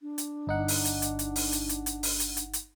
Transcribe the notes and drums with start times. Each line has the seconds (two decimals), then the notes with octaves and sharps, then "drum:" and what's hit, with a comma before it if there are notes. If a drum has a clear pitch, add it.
0.01 D4
0.18 drum: hi-hat
0.47 G1 D#4 F#5
0.68 drum: open hi-hat
0.85 drum: hi-hat
1.02 drum: hi-hat
1.19 drum: hi-hat
1.36 drum: open hi-hat
1.52 drum: hi-hat
1.69 drum: hi-hat
1.86 drum: hi-hat
2.03 drum: open hi-hat
2.20 drum: hi-hat
2.37 drum: hi-hat
2.53 drum: hi-hat